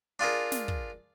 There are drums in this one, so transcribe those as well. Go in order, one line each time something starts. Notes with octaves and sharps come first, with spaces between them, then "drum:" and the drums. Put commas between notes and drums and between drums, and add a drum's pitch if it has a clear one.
D4 F4 G#4 A#4
drum: snare
drum: kick